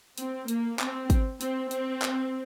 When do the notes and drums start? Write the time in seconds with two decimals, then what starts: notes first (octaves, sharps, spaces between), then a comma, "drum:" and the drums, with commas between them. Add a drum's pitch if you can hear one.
0.18 C4, drum: hi-hat
0.48 A#3, drum: hi-hat
0.79 C4, drum: clap
1.10 drum: kick, hi-hat
1.41 C4, drum: hi-hat
1.71 C4, drum: hi-hat
2.02 drum: clap